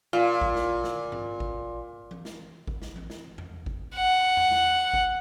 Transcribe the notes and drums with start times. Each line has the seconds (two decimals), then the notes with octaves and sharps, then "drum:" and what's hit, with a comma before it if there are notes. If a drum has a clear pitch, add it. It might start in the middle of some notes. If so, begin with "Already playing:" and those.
0.13 A#2 F4 F5
0.41 drum: kick G#1
0.56 drum: snare
0.70 drum: tom D3
0.84 drum: snare
1.12 drum: tom G2
1.40 drum: kick G#1
2.11 drum: tom E3
2.25 drum: snare
2.67 drum: kick G#1
2.82 drum: snare
2.96 drum: tom E3
3.10 drum: snare
3.38 drum: tom E2
3.66 drum: kick G#1
3.95 F#5
4.37 drum: tom E2
4.51 drum: snare
4.93 drum: kick G#1